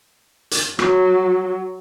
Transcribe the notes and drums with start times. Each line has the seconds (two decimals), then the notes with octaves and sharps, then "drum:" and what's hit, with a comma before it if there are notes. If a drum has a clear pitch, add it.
0.51 drum: hi-hat
0.79 F#3, drum: rim click